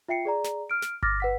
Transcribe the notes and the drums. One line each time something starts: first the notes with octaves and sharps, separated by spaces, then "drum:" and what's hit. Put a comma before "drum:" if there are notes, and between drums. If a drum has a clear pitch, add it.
F4 E5 G5 C7 C#7
G#4 D5 A#5
drum: snare
F6 D7
drum: snare
D6 F6 A6 A#6, drum: kick G1
B4 F#5 B6